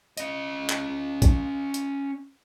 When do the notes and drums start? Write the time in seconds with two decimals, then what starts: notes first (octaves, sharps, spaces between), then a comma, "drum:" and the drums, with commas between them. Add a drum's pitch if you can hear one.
0.17 C#4 D#5, drum: hi-hat
0.70 drum: clap
1.22 drum: kick A1, hi-hat
1.74 drum: hi-hat